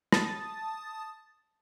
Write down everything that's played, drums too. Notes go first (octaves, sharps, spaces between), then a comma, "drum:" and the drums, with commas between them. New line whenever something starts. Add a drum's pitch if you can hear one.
A5 D#6 A6, drum: rim click